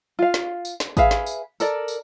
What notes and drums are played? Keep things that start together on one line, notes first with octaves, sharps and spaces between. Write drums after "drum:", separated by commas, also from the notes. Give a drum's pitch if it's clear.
F4 F5
drum: snare
drum: tambourine
drum: snare
G#4 B4 E5 F5, drum: kick, tambourine
drum: snare
drum: tambourine
A4 A#4 D5, drum: tambourine
drum: tambourine